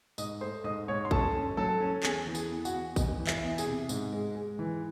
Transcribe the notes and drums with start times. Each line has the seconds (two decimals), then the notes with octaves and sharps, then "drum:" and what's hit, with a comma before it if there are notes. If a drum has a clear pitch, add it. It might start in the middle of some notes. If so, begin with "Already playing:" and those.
0.18 G#2 D#5 D#6, drum: tambourine
0.41 A3 C5 C6
0.64 G#2 D#5 D#6
0.88 G#2 C#5 C#6
1.05 C6
1.11 C#4 A4 A5, drum: kick
1.35 C#4
1.57 F#3 A4 A5
1.80 C#4
2.03 E2 G#4 G#5, drum: clap
2.27 E3
2.35 G#4 G#5, drum: tambourine
2.50 E2
2.65 F#4 F#5, drum: tambourine
2.74 E2
2.96 E2 D#5, drum: kick, tambourine
3.19 E3
3.27 E5, drum: clap
3.43 E2
3.58 G#4 G#5, drum: tambourine
3.66 C3
3.89 G#2, drum: tambourine
4.12 G#3
4.35 G#3
4.59 E3